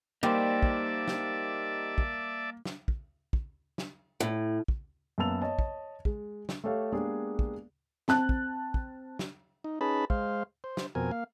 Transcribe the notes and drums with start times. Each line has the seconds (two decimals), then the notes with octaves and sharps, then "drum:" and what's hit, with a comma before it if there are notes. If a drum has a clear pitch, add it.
0.23 G3 A#3 D#4 G4 C5 D5 E5 A5
0.63 drum: kick
1.08 drum: snare
1.98 drum: kick
2.65 drum: snare
2.88 drum: kick
3.33 drum: kick
3.78 drum: snare
4.20 A2
4.68 drum: kick
5.18 F#2 A#3 B3 A5 E6 F7
5.42 C#5 D#5 A5
5.59 drum: kick
6.05 G#3, drum: kick
6.49 drum: snare
6.64 A3 G4 A4 C#5 F5
6.92 G#3 A#3 B3 D4 G4 G#4
7.39 drum: kick
8.08 C4 A5 F#6, drum: snare
8.29 drum: kick
8.74 drum: kick
9.19 drum: snare
9.64 D#4
9.81 C#4 D#4 G#4 B4 A5 B5
10.10 G#3 C5 F5, drum: kick
10.64 C5
10.77 drum: snare
10.95 F2 B2 C4 A#4 G#5
11.11 A#3 F5